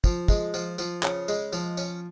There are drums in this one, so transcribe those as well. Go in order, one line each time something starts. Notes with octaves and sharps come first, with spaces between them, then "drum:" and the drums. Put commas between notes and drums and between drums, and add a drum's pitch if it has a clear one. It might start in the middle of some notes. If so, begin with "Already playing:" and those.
F3, drum: kick, tambourine
G#3, drum: kick, tambourine
F3, drum: tambourine
F3, drum: tambourine
C#3, drum: clap
G#3, drum: tambourine
F3, drum: tambourine
C#4, drum: tambourine